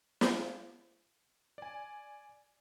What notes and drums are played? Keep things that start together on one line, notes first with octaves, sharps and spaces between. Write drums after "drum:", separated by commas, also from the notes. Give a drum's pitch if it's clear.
drum: snare
D5 G#5